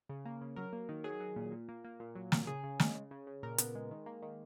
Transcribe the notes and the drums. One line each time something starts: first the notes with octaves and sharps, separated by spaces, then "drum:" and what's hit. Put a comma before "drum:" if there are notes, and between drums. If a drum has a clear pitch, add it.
C#3
A#3
C#3
F#3 A#4
A#3
D#3
F#3 G#4
F#3
A#2
A#2
A#3
A#3
A#2
F#3
A#2, drum: snare
C#3 G#4
C#3
G#3, drum: snare
C#3
C#3
C#3
A#2 A#4
B3, drum: hi-hat
G#3
D#3
A#3
D#3